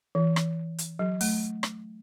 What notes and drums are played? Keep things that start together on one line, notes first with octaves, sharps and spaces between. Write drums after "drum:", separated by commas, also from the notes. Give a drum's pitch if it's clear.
E3
drum: rim click
drum: hi-hat
F#3
A3, drum: open hi-hat
drum: rim click